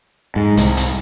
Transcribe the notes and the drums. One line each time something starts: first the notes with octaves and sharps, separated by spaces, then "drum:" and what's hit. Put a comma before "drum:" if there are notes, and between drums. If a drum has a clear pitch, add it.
G#2
C2, drum: hi-hat
drum: hi-hat